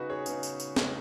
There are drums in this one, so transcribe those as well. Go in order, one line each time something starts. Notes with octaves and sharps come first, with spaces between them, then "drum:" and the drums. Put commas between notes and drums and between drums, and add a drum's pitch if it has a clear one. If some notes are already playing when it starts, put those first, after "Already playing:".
Already playing: C#3 B3 D#4 F#4 B4
G#4 C#5
C#3 B3 D#4, drum: tambourine
drum: tambourine
drum: tambourine
C#3 B3 D#4, drum: snare